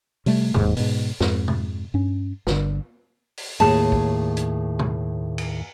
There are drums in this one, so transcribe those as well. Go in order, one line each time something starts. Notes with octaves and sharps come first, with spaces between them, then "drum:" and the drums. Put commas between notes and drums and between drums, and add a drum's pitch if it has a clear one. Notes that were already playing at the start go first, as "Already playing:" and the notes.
C3 G3 A3, drum: open hi-hat
D1 D#2 G#2, drum: tom
G#2 B2, drum: open hi-hat
F2 G#2, drum: snare
drum: tom
G2 C#4
G1 D3, drum: snare
drum: open hi-hat
D#2 A2 G#4 A5
drum: kick
drum: hi-hat
drum: tom
drum: cymbal